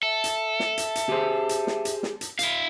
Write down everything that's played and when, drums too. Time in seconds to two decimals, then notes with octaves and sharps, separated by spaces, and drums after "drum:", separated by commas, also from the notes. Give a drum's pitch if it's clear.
0.03 A4 E5
0.24 drum: hi-hat
0.60 drum: snare
0.78 drum: hi-hat
0.95 drum: hi-hat
1.09 G4 G#4 C5
1.49 drum: hi-hat
1.67 drum: snare
1.85 drum: hi-hat
2.03 drum: snare
2.21 drum: hi-hat
2.39 E4 F5, drum: hi-hat